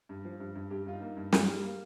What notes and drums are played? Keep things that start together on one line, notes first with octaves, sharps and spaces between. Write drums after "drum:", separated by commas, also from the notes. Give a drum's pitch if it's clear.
G2
F3
G2
G2
G2 G4
G2 F4
D#4
A#3
G2
G2, drum: snare
G3
A#3